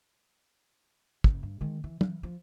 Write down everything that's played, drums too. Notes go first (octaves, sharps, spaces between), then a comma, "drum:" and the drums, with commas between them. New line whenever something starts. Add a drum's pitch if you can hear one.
F#1, drum: kick
G2
D#3 G#3
E3
E3, drum: tom
F3